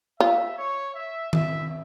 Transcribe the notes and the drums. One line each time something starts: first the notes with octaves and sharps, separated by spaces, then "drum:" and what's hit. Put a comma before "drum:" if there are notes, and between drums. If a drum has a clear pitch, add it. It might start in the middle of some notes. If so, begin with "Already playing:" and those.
F4 E5
C#5
E5
E5, drum: tom D#3